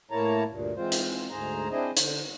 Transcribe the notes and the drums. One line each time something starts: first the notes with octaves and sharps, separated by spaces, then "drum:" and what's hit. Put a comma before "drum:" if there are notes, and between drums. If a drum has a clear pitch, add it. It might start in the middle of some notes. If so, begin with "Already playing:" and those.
A2 A#3 E4 C#5 A5 A#5
D2 G2 A#2
E3 G#3 C4 F4 C5
drum: hi-hat
D2 G#2 G#4 C5 A#5
C4 D4 E4 G#4 C5 D#5
D3 C5, drum: hi-hat